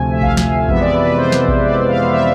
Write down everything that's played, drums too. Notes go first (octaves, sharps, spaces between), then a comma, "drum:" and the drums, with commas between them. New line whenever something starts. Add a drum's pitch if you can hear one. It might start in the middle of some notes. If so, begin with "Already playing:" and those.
Already playing: D2 C3 F3 A3 G#5
E5
F5, drum: kick A1
drum: snare
F2 C3 E3 G#3 B3 E5, drum: kick A1
D5
B4
B4
C5
drum: snare
drum: kick A1
D5
F5
E5